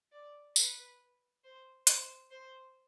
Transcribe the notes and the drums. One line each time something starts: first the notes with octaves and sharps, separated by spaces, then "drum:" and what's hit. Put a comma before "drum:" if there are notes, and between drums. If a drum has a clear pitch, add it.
D5
B4, drum: tambourine
C5
C5, drum: hi-hat
C5